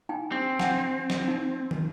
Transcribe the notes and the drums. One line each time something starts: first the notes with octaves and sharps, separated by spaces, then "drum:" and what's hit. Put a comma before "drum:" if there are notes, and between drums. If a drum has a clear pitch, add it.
D#4 G5 G#5
C4 D4 G4
F#5 G#5, drum: snare
drum: snare
D#4
drum: tom